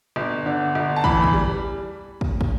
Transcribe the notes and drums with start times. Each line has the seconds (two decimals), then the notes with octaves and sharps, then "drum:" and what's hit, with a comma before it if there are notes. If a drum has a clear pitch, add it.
0.16 G1
0.46 D3
0.75 G1
0.96 A5
1.04 E3 B5, drum: kick
1.24 drum: kick
1.33 G3
2.21 drum: kick
2.41 drum: kick